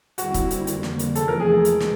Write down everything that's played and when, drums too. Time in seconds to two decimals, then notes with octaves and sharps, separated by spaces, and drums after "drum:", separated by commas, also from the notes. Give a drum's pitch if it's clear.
0.18 D#2 D3 G3 C4 E4 F#4, drum: hi-hat
0.34 drum: kick, hi-hat
0.51 drum: hi-hat
0.67 F2 D3 G3 A#3, drum: hi-hat
0.83 drum: snare
0.99 drum: hi-hat
1.15 E2 C3 F3 A3 A4, drum: hi-hat
1.28 A#4
1.40 G#4
1.52 G#4
1.65 B2 G#3, drum: hi-hat
1.80 drum: snare